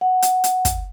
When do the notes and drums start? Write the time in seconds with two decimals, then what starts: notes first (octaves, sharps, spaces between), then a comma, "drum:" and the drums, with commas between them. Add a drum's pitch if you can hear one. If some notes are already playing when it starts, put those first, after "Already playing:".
0.01 F#5
0.22 drum: hi-hat
0.44 drum: hi-hat
0.65 drum: kick, hi-hat